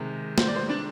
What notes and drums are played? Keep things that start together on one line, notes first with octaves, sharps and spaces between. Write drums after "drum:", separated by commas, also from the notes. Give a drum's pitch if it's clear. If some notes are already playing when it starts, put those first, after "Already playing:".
Already playing: C3 D#3 G#3
C5, drum: snare
D5
C5
D4 D5